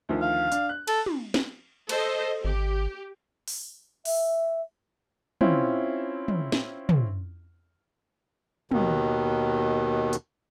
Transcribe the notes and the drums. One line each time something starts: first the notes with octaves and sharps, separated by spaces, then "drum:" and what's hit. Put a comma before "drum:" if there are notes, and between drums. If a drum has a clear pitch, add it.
D2 D#3 F3
F5
D4, drum: hi-hat
F#6
A4, drum: cymbal
drum: tom
drum: snare
A4 C5 D#5, drum: cymbal
G#1 G4
drum: open hi-hat
E5, drum: open hi-hat
C4 C#4 E4 F4 E5, drum: tom
drum: tom
drum: snare
drum: tom
D#2 B2 D#3, drum: tom
drum: hi-hat